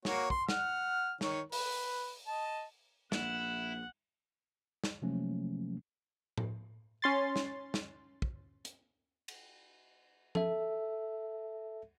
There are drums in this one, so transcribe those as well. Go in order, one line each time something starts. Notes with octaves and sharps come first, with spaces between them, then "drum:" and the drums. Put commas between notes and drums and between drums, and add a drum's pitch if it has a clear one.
A#3 F#4 C#5, drum: snare
C6, drum: kick
F#5 F6, drum: snare
D#3 C#5, drum: snare
B4, drum: open hi-hat
D#5 A5
A#1 E4 F#5, drum: snare
drum: snare
C3 F3 F#3 A3 A#3 C#4
drum: tom A2
C#4 C6 A6
drum: snare
drum: snare
drum: kick
drum: hi-hat
drum: cymbal
A4 E5, drum: tom F3